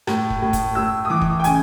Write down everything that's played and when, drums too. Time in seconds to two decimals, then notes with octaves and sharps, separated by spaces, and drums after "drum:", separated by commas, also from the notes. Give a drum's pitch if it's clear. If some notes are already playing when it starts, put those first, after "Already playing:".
0.07 A2, drum: rim click
0.30 drum: kick
0.42 A2
0.53 drum: kick, hi-hat
0.75 A2 E6
1.05 D#6
1.10 E3 D6
1.21 drum: kick
1.40 G5
1.44 C#3 G#5, drum: hi-hat